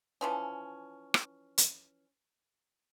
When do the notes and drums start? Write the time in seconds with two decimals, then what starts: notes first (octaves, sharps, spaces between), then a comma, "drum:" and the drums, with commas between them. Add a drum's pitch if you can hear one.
0.21 E3 F3 C#4
1.14 drum: rim click
1.58 drum: hi-hat